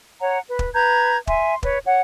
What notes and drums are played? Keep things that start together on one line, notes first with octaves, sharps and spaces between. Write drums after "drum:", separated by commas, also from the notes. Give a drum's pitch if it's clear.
C#5 F#5 A#5
B4
drum: kick
B4 A#5 G6 G#6
E5 G#5 C6, drum: kick
B4 C#5, drum: kick
C#5 F#5